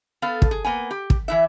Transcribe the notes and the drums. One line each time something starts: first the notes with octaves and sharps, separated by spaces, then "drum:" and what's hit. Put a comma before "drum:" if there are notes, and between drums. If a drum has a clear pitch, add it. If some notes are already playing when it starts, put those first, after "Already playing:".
B3 A4 F5
drum: kick
G#4
A#3 B3 G#5
G4
drum: kick
E3 E4 E5